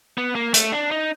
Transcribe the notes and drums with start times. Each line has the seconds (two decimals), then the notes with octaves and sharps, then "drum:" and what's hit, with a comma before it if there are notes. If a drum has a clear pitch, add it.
0.18 B3
0.35 A#3
0.54 A3, drum: hi-hat
0.72 D4
0.91 D#4